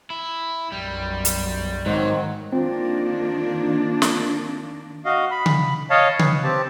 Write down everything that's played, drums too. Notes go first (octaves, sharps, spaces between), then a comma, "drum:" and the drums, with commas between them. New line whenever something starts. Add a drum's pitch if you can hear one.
E4
B1 F#2 G3
drum: hi-hat
G#2 D#3 F#3 C4
D#3 A#3 C4 D4 F4
drum: snare
F#4 D#5 F5
B5
drum: tom C#3
C#5 D#5 F5 A5
B4, drum: tom C#3
C4 G4 A5